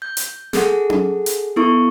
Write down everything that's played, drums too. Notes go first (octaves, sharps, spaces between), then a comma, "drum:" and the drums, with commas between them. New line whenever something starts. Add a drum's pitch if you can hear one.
G6
drum: hi-hat
G#4 A4 F#5, drum: snare
drum: tom C#4
drum: hi-hat
B3 E4 A4 C#6